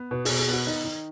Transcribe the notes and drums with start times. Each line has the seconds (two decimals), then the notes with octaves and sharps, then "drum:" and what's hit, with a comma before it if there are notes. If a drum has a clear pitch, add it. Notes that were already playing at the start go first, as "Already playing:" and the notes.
Already playing: B3
0.11 B2 B4
0.25 B2 G#4, drum: open hi-hat
0.39 G#4
0.48 B3 F#4
0.66 D#3 D#4
0.85 D#3